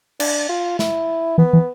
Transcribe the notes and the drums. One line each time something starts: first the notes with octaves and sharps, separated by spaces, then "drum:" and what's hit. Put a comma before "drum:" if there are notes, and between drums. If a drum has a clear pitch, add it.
D4, drum: cymbal
F4
E4, drum: snare
E3 B3
E3